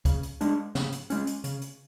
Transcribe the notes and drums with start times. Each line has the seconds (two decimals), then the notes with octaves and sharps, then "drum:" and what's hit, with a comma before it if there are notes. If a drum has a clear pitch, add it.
0.05 C#3, drum: kick C#2, hi-hat
0.23 drum: hi-hat
0.41 G#3 D4, drum: hi-hat
0.75 C#3, drum: snare
0.92 drum: hi-hat
1.10 G#3 C#4, drum: hi-hat
1.27 drum: hi-hat
1.44 C#3, drum: hi-hat
1.61 drum: hi-hat